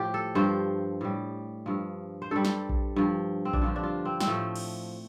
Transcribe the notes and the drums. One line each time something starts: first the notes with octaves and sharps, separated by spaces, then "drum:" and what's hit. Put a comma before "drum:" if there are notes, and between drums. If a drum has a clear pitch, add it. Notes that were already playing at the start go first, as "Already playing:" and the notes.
Already playing: A2 F3 F4 G4
A4
G2 F3 C5
A2 G3
G2 F3
C5
G2 G3 A4
drum: snare
drum: kick A#1
G2 F3
C4
D4, drum: kick A#1
G2 D3 F3 F4
D4
F4
C4
C4, drum: snare
A2 F3 A3
drum: cymbal